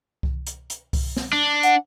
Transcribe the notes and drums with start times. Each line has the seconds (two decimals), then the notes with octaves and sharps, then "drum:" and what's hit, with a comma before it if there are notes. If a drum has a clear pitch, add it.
0.23 drum: kick C2
0.47 drum: hi-hat
0.70 drum: hi-hat
0.93 drum: kick C2, open hi-hat
1.17 drum: snare
1.33 D4
1.63 F#5, drum: hi-hat